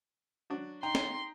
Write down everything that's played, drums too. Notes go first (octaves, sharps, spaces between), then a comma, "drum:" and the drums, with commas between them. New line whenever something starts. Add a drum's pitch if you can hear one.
F#3 D4 F#4
D#4 G5 A#5 C6
drum: snare